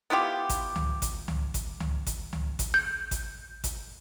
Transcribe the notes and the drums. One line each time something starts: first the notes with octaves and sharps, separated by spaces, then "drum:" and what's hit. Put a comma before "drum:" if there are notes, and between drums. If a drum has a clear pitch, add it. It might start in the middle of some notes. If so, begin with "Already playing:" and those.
B3 E4 F4 G4
drum: kick G#1, hi-hat
drum: tom C#2
drum: kick G#1, hi-hat
drum: tom C#2
drum: kick G#1, hi-hat
drum: tom C#2
drum: kick G#1, hi-hat
drum: tom C#2
drum: kick G#1, hi-hat
G6
drum: kick G#1, hi-hat
drum: kick G#1, hi-hat